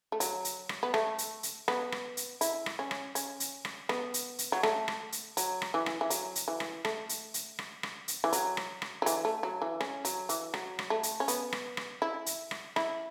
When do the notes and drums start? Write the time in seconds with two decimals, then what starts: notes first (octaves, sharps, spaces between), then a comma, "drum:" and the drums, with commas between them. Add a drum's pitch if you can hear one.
0.12 A3
0.20 F#3, drum: hi-hat
0.45 drum: hi-hat
0.69 drum: rim click
0.83 B3
0.94 A3, drum: rim click
1.18 drum: hi-hat
1.43 drum: hi-hat
1.68 B3, drum: rim click
1.92 drum: rim click
2.17 drum: hi-hat
2.41 E4, drum: hi-hat
2.66 drum: rim click
2.79 C#4
2.91 drum: rim click
3.15 C#4, drum: hi-hat
3.40 drum: hi-hat
3.65 drum: rim click
3.89 B3, drum: rim click
4.14 drum: hi-hat
4.38 drum: hi-hat
4.52 F#3
4.63 A3, drum: rim click
4.88 drum: rim click
5.12 drum: hi-hat
5.37 F#3, drum: hi-hat
5.62 drum: rim click
5.74 E3
5.86 drum: rim click
6.01 E3
6.10 F#3, drum: hi-hat
6.35 drum: hi-hat
6.48 E3
6.60 drum: rim click
6.85 A3, drum: rim click
7.09 drum: hi-hat
7.34 drum: hi-hat
7.59 drum: rim click
7.83 drum: rim click
8.08 drum: hi-hat
8.24 E3
8.33 F#3, drum: hi-hat
8.57 drum: rim click
8.82 drum: rim click
9.02 F#3
9.06 E3, drum: hi-hat
9.25 A3
9.43 F#3
9.62 E3
9.80 C#4, drum: rim click
10.05 F#3, drum: hi-hat
10.29 E3, drum: hi-hat
10.54 F#3, drum: rim click
10.79 drum: rim click
10.90 A3
11.03 drum: hi-hat
11.20 C#4
11.28 B3, drum: hi-hat
11.52 drum: rim click
11.77 drum: rim click
12.02 E4
12.26 drum: hi-hat
12.51 drum: rim click
12.76 E4, drum: rim click